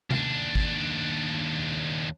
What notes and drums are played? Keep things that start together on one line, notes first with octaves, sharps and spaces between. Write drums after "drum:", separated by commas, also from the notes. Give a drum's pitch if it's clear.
D#2 D4, drum: tom C3
drum: kick